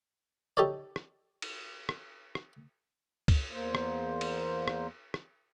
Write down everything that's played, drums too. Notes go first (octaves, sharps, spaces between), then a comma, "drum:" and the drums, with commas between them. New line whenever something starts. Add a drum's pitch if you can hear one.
D#4 G4 A4 C#5 D5
drum: rim click
drum: cymbal
drum: rim click
drum: rim click
drum: kick, cymbal
E2 A#3 C5
drum: rim click
drum: cymbal
drum: rim click
drum: rim click